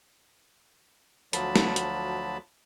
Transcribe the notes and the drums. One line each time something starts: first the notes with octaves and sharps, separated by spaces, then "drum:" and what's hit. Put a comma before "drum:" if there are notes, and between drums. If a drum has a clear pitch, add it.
D2 F3 F#3 A5 B5, drum: hi-hat
drum: snare
drum: hi-hat